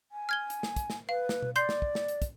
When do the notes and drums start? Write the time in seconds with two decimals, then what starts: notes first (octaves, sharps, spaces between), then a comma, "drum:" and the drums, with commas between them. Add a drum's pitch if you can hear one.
0.12 G#5
0.29 F6 G#6 G7
0.50 drum: hi-hat
0.63 drum: snare
0.76 drum: kick, hi-hat
0.90 drum: snare
1.09 B4 F5
1.29 drum: snare
1.42 drum: tom B2
1.56 D5 C6 G6 C7, drum: hi-hat
1.69 drum: snare
1.82 drum: kick
1.95 drum: snare
2.08 drum: hi-hat
2.22 drum: kick, hi-hat